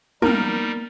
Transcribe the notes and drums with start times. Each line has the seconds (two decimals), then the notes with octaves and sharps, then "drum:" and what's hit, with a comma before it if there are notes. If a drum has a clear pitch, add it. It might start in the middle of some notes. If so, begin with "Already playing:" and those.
0.22 G3 A#3 B3 D#4 A#4 F6, drum: tom